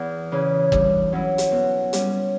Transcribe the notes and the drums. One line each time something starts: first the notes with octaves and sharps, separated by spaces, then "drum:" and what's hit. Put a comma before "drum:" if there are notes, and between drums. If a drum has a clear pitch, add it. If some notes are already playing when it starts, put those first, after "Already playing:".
Already playing: E2
C#3 E3
G2, drum: kick
F#3 C#4 E4
drum: hi-hat
B2
G3 C#4, drum: hi-hat